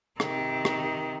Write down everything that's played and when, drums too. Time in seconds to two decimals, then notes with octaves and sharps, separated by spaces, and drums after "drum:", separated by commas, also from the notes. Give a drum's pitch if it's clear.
0.20 C3 D#3, drum: rim click
0.65 drum: rim click